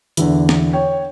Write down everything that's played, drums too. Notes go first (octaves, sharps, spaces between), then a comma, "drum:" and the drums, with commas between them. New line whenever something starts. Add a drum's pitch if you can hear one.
E2 D3 E3, drum: hi-hat
drum: snare
C#5 G5